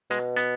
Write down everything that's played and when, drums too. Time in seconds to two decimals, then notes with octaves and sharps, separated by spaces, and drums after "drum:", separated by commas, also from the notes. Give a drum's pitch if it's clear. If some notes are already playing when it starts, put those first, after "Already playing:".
0.10 B2 G#3, drum: hi-hat
0.37 B3, drum: hi-hat